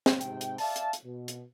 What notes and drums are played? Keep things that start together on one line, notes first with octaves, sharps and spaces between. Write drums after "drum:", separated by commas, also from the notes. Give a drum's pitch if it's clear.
drum: snare
G#2 C3 G5, drum: hi-hat
drum: hi-hat
D5 E5 F5 A5, drum: open hi-hat
drum: hi-hat
drum: hi-hat
B2
drum: hi-hat